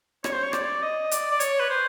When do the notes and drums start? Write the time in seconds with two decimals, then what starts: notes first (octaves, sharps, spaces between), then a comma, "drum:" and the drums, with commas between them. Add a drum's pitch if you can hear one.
0.24 C#5, drum: rim click
0.33 C5
0.43 C#5
0.53 D5, drum: rim click
0.82 D#5
1.11 D5, drum: hi-hat
1.31 D5
1.40 C#5, drum: hi-hat
1.59 B4
1.70 C5